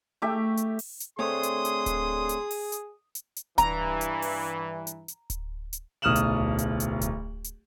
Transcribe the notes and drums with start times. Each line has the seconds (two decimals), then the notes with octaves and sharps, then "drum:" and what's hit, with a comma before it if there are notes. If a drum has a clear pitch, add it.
0.22 A3 G4 E5
0.57 drum: hi-hat
0.79 drum: open hi-hat
1.00 drum: hi-hat
1.19 D3 A3 C4 D4 G#4 C#5 C6 D#6, drum: tom A3
1.43 drum: hi-hat
1.65 drum: hi-hat
1.86 drum: kick D1, hi-hat
2.29 drum: hi-hat
2.51 drum: open hi-hat
2.72 drum: hi-hat
3.15 drum: hi-hat
3.36 drum: hi-hat
3.58 G2 E3 A#5, drum: kick D1, hi-hat
4.01 drum: hi-hat
4.22 drum: open hi-hat
4.87 drum: hi-hat
5.08 drum: hi-hat
5.30 drum: kick D1, hi-hat
5.73 drum: hi-hat
6.02 D1 B1 D#6 F6 E7 F#7
6.16 drum: hi-hat
6.37 drum: tom D2
6.59 drum: hi-hat
6.80 drum: hi-hat
7.01 drum: kick D1, hi-hat
7.44 drum: hi-hat